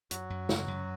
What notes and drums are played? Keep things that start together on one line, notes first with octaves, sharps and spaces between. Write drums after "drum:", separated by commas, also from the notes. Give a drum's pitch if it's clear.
F#2 F#3 F#4, drum: hi-hat
F#2
C#3, drum: snare
F#2